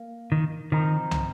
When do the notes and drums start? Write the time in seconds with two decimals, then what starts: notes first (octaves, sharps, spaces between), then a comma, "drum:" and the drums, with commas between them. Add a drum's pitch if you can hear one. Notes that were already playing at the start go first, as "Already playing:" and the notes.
Already playing: A#3
0.32 D#3
0.72 D#3 F3 C4 D#4 A#4
1.11 drum: tom